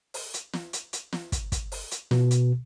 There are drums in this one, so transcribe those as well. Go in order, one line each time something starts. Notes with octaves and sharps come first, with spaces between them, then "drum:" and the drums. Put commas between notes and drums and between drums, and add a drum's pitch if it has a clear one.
drum: open hi-hat
drum: hi-hat
drum: snare
drum: hi-hat
drum: hi-hat
drum: snare
drum: kick, hi-hat
drum: kick, hi-hat
drum: open hi-hat
drum: hi-hat
B2, drum: snare
drum: hi-hat